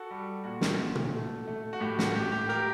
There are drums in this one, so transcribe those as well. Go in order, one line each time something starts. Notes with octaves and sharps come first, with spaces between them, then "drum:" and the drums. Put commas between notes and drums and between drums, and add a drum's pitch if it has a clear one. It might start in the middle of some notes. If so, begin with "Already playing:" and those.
Already playing: F#4 A4
G3
A#2 F#4
drum: snare
A#2
drum: tom A#2
A3
A3
F#4
A2 G4
F#4, drum: snare
A2 G4
G4
G4 A#4